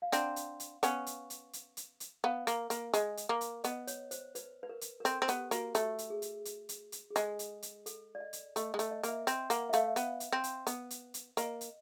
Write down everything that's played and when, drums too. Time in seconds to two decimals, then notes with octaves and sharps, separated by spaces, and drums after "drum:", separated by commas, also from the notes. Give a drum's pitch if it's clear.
0.02 F5
0.12 C4 D4 F#5, drum: hi-hat
0.36 drum: hi-hat
0.60 drum: hi-hat
0.83 B3 C#4 F5, drum: hi-hat
1.07 drum: hi-hat
1.30 drum: hi-hat
1.53 drum: hi-hat
1.77 drum: hi-hat
2.00 drum: hi-hat
2.24 B3 F5
2.47 A#3, drum: hi-hat
2.70 A#3, drum: hi-hat
2.94 G#3, drum: hi-hat
3.17 drum: hi-hat
3.29 A#3
3.41 drum: hi-hat
3.64 B3 D#5, drum: hi-hat
3.87 C#5, drum: hi-hat
4.11 C5, drum: hi-hat
4.35 B4, drum: hi-hat
4.63 B4
4.69 A#4
4.81 drum: hi-hat
5.00 A#4
5.05 C4 A4, drum: hi-hat
5.22 C4
5.28 B3 G4, drum: hi-hat
5.51 A#3 F#4, drum: hi-hat
5.74 A3 G4, drum: hi-hat
5.98 drum: hi-hat
6.10 G#4
6.22 drum: hi-hat
6.45 drum: hi-hat
6.69 drum: hi-hat
6.92 drum: hi-hat
7.10 G#4
7.15 G#3 A4, drum: hi-hat
7.39 drum: hi-hat
7.62 drum: hi-hat
7.86 A4, drum: hi-hat
8.15 D5
8.20 D#5
8.33 drum: hi-hat
8.56 A3 D#5, drum: hi-hat
8.74 G#3 D#5
8.79 A3, drum: hi-hat
8.91 D#5
9.03 A#3, drum: hi-hat
9.09 E5
9.27 C4, drum: hi-hat
9.50 A#3 F#5, drum: hi-hat
9.69 E5
9.73 A3 F5, drum: hi-hat
9.96 B3, drum: hi-hat
10.20 drum: hi-hat
10.32 C4
10.44 drum: hi-hat
10.67 B3, drum: hi-hat
10.90 drum: hi-hat
11.14 drum: hi-hat
11.37 A#3 D#5, drum: hi-hat
11.61 drum: hi-hat